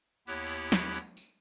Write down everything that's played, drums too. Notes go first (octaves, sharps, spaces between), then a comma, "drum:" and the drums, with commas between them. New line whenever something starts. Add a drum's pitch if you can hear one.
D#2 B3 E4 G4 C#5 F#6, drum: tambourine
drum: tambourine
drum: snare
drum: tambourine
drum: tambourine